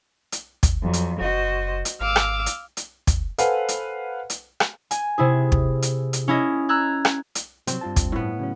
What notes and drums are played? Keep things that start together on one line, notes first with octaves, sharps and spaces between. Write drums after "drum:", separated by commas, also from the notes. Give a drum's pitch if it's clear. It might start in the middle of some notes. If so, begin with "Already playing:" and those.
drum: hi-hat
drum: kick, hi-hat
F2 F#3
drum: hi-hat
F#1 F#4 C5 D#5
drum: hi-hat
G#1 F5 D6 E6
drum: rim click
drum: hi-hat
drum: hi-hat
drum: kick, hi-hat
A4 B4 C5 F5 F#5 G#5, drum: hi-hat
drum: hi-hat
drum: hi-hat
drum: rim click
G#5, drum: hi-hat
C3 E4 G#4
drum: kick
drum: hi-hat
drum: hi-hat
C#4 E4 D#5
A#5 E6 F#6 G#6
drum: rim click
drum: hi-hat
C3 F#3 C4, drum: hi-hat
G2 F4 A5
drum: kick, hi-hat
A2 B3
C#3 F#3 C#4